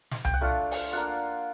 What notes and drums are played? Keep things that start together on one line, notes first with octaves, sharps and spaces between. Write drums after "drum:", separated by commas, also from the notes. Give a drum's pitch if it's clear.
drum: snare
G5, drum: tom C2
F#5
A3 D4 F4 F5
drum: open hi-hat
A#3 D4 F4 F#5